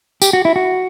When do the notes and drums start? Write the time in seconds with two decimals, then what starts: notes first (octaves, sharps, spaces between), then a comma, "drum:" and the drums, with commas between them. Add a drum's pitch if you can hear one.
0.22 G4, drum: tambourine
0.33 F#4
0.45 E4
0.56 F#4